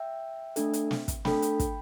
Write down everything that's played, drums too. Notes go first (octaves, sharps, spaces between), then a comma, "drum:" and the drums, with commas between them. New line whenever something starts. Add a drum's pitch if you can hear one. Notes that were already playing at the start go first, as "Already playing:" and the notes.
Already playing: E5 G5
A3 D4 A4, drum: hi-hat
drum: hi-hat
drum: snare
drum: kick, hi-hat
A3 D4 A4 G5 B5, drum: snare
drum: hi-hat
drum: kick, hi-hat